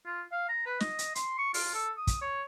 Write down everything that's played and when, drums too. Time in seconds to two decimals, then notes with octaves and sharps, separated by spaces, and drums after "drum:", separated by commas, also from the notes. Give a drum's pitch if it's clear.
0.06 F4
0.32 F5
0.49 A#5
0.66 B4
0.80 D#5, drum: snare
0.99 drum: hi-hat
1.15 C6, drum: hi-hat
1.38 C#6
1.54 F4, drum: open hi-hat
1.74 A4
1.97 D#6
2.07 drum: kick, hi-hat
2.22 C#5